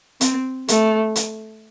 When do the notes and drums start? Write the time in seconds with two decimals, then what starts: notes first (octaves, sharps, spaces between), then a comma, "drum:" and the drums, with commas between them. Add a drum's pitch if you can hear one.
0.21 C4, drum: hi-hat
0.68 A3, drum: hi-hat
1.16 drum: hi-hat